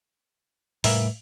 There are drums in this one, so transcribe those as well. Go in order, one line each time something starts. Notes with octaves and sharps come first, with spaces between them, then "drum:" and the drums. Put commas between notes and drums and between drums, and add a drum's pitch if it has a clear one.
A2 E3 G3 A#3 E5, drum: open hi-hat